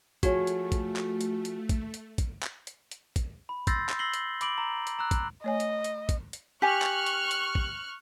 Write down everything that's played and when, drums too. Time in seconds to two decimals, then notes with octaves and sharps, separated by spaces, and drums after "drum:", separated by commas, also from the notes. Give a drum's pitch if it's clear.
0.23 F3 A3 F#4 G#4 C#5, drum: kick, hi-hat
0.47 drum: hi-hat
0.72 drum: kick, hi-hat
0.96 drum: clap
1.21 drum: hi-hat
1.45 drum: hi-hat
1.69 drum: kick, hi-hat
1.94 drum: hi-hat
2.18 drum: kick, hi-hat
2.43 drum: clap
2.67 drum: hi-hat
2.91 drum: hi-hat
3.16 drum: kick, hi-hat
3.49 B5
3.67 C6 E6 G6 A6 A#6 C7, drum: kick, hi-hat
3.89 drum: clap
3.99 E6 A#6 C7 F#7 G7
4.14 drum: hi-hat
4.41 B5 D6 D7 F#7, drum: hi-hat
4.58 A#5
4.87 drum: hi-hat
4.99 A#5 E6 F#6
5.11 drum: kick, hi-hat
5.44 A3 C#5 D#5 G#5
5.60 drum: hi-hat
5.84 drum: hi-hat
6.09 drum: kick, hi-hat
6.33 drum: hi-hat
6.62 G4 G#5 C#6 F6 F#6
6.82 drum: clap
7.06 drum: hi-hat
7.31 drum: hi-hat
7.55 drum: kick